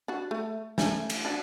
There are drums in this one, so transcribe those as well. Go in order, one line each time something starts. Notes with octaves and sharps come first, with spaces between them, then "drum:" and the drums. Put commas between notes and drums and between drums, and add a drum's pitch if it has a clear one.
D4 F#4
A3
A3 C#4, drum: snare
drum: cymbal
D4 F#4